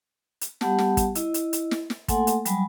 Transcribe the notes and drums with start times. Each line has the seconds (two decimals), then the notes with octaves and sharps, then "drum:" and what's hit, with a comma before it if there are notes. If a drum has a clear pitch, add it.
0.41 drum: hi-hat
0.61 G3 B3 G4 F#5 A5, drum: snare
0.78 drum: snare
0.97 drum: kick, hi-hat
1.15 E4 D#5, drum: hi-hat
1.34 drum: hi-hat
1.53 drum: hi-hat
1.71 drum: snare
1.90 drum: snare
2.08 A3 A#3 A4 F#5 G#5 C6, drum: kick, hi-hat
2.27 drum: hi-hat
2.45 F#3 G3 G#5 B5, drum: hi-hat